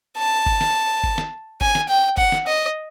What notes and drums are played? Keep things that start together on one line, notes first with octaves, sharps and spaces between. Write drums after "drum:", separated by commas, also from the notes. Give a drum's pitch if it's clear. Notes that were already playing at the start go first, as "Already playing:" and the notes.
A5
drum: kick G1
drum: snare
drum: kick G1
drum: snare
G#5, drum: kick G1
drum: snare
G5
F#5, drum: kick G1
drum: snare
D#5